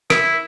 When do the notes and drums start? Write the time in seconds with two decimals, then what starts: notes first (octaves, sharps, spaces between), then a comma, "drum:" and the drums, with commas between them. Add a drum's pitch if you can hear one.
0.10 E4, drum: rim click